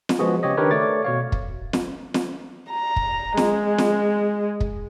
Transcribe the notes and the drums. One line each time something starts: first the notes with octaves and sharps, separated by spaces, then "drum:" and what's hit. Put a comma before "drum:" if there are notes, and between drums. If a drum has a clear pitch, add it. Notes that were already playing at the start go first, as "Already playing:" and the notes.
drum: snare
F3 G#3 B3 F#4 G#4
C#3 G4 C#5 D#5
D#3 D4 G4 A#4 B4 C#5
A3 C#5 D5 D6 A6
B2 C#5 F5
drum: kick
drum: snare
drum: snare
A#5
drum: kick
G#3, drum: snare
drum: snare
drum: kick